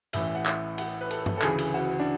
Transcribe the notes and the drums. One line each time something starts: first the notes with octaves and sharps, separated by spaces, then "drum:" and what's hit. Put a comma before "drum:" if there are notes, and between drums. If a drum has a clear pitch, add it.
A1 A2 E3 E5, drum: cymbal
F#5
E5, drum: clap
F#5, drum: cymbal
B4
A4, drum: cymbal
drum: tom
A4
D2 C#3 E3 G#4, drum: clap
drum: cymbal
F#4
D4